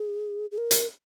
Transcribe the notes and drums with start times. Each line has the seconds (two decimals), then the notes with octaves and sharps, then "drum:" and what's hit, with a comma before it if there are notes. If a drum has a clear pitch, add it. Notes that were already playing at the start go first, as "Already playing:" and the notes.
Already playing: G#4
0.52 G#4
0.58 A#4
0.71 drum: hi-hat